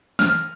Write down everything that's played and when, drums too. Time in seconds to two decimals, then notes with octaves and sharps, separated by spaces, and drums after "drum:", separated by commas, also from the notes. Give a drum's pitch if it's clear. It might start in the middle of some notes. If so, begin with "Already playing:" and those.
0.19 F6, drum: snare